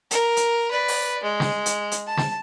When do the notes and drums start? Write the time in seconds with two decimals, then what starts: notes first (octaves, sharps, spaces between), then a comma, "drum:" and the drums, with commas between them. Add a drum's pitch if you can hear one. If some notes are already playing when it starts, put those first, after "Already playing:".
0.11 A#4, drum: hi-hat
0.37 drum: hi-hat
0.70 B4 D5
0.88 drum: open hi-hat
1.23 G#3
1.40 drum: snare
1.66 drum: hi-hat
1.92 drum: hi-hat
2.06 A5
2.17 drum: snare